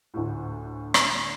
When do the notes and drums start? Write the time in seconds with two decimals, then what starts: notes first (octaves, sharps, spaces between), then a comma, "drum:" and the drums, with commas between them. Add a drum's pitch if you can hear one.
0.14 D2 A2
0.94 drum: rim click